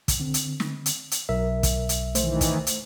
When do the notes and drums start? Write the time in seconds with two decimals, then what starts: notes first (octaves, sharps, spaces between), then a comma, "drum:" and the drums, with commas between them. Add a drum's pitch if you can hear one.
0.08 drum: kick, hi-hat
0.20 D3 C4
0.34 drum: hi-hat
0.60 drum: snare
0.86 drum: hi-hat
1.11 drum: hi-hat
1.29 B1 A#4 E5
1.63 drum: kick, hi-hat
1.89 drum: hi-hat
2.15 D#3 E3 A3 C5, drum: hi-hat
2.41 drum: kick, hi-hat
2.67 drum: hi-hat